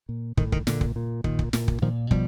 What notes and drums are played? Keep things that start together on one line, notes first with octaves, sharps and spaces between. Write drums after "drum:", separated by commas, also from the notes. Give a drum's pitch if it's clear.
A#2
A2 D#3, drum: kick
D#3, drum: kick
A#2 D3, drum: snare
drum: kick
A#2
A#2 D#3, drum: kick
drum: kick
A#2, drum: snare
drum: kick
A#2 D#3 F3
B2 F3 G3, drum: kick